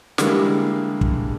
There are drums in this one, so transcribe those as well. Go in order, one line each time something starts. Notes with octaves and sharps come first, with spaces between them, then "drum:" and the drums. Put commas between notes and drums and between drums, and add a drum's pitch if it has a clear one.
D3 E3 G3 G#3 A#3, drum: snare
drum: kick